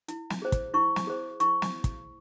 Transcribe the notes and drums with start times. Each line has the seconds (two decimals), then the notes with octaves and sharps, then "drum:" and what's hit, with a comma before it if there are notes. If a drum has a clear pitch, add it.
0.08 E4, drum: hi-hat
0.30 drum: snare
0.42 G#4 C5
0.52 drum: kick, hi-hat
0.74 E4 C#6
0.96 drum: snare
1.07 G#4 C5
1.40 E4 C#6, drum: hi-hat
1.62 drum: snare
1.84 drum: kick, hi-hat